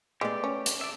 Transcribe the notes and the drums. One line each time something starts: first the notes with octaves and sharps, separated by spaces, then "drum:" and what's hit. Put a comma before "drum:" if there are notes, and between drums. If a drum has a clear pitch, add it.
G#3 A3 B3 G4 D5
C#4
drum: hi-hat
D5 E5